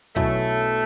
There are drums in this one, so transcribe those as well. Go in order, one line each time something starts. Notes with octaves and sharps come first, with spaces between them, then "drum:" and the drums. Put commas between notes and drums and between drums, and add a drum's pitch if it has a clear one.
B1 B2 F#3 A3 C#4 E4, drum: kick
drum: hi-hat